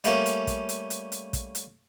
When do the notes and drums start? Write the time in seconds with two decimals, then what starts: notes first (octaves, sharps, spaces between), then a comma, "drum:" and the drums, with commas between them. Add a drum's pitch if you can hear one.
0.04 G3 A3 A#3 C#4, drum: hi-hat
0.26 drum: hi-hat
0.47 drum: kick, hi-hat
0.69 drum: hi-hat
0.90 drum: hi-hat
1.12 drum: hi-hat
1.33 drum: kick, hi-hat
1.55 drum: hi-hat